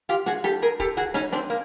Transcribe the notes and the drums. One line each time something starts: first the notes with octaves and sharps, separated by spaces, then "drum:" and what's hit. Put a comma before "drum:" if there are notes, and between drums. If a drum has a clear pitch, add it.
F4 G4
F#4 G#4, drum: snare
G4 A4, drum: snare
G#4 A#4
G4 A4, drum: kick
F#4 G#4
C#4 D#4, drum: snare
C4 D4, drum: snare
A#3